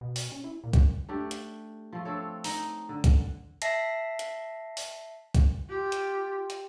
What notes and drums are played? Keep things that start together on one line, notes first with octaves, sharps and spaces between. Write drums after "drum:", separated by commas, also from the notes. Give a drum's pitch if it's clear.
B2
drum: open hi-hat
C#4
E4
A#2
drum: kick, hi-hat
A3 D4 G4
drum: hi-hat
F3 A3
C4 D4 A4 C#5
D#4, drum: open hi-hat
D3
drum: kick, hi-hat
E5 A5 A#6 C7, drum: hi-hat
drum: hi-hat
drum: open hi-hat
drum: kick, hi-hat
F4 G4
drum: hi-hat
drum: hi-hat